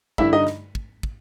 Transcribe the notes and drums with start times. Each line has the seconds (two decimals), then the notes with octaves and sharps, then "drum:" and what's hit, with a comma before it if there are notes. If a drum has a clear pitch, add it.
0.18 G2 D3 G3 E4 E5, drum: kick
0.33 D#4 D#5
0.47 drum: snare
0.75 drum: kick
1.03 drum: kick